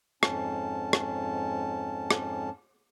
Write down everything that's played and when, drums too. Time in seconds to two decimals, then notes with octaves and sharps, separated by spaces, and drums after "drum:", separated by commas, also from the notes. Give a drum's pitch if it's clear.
0.23 F2 G#2 C#4 A5, drum: rim click
0.93 drum: rim click
2.11 drum: rim click